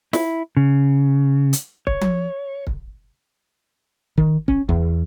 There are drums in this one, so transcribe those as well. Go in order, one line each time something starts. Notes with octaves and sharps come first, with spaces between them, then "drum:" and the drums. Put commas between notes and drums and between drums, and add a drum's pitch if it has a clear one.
E4, drum: snare
C#3
drum: hi-hat
C#5, drum: kick
drum: tom F3
drum: kick
D#3, drum: kick
C#4, drum: kick
E2, drum: kick